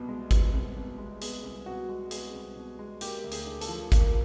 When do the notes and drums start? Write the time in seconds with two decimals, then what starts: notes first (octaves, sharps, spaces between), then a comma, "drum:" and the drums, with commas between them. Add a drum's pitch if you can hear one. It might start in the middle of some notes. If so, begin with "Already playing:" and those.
Already playing: C2 B2 B3
0.09 G#3
0.31 B3, drum: kick G#1, hi-hat
0.53 C2
0.76 B2
0.98 G#3
1.21 B3 G#4, drum: hi-hat
1.44 C2
1.66 B2 F#4
1.89 G#3
2.11 B3 G#4, drum: hi-hat
2.34 C2
2.56 B2
2.79 G#3
3.01 A#3 G4, drum: hi-hat
3.24 D2
3.31 G#4, drum: hi-hat
3.46 D3
3.61 A4, drum: hi-hat
3.69 F3
3.92 A#3, drum: kick G#1, hi-hat